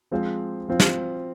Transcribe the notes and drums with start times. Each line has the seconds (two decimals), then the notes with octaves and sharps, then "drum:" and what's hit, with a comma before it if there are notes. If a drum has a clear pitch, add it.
0.11 F3 G#3 C4 F4 C5
0.68 F3 C4 F4
0.80 drum: snare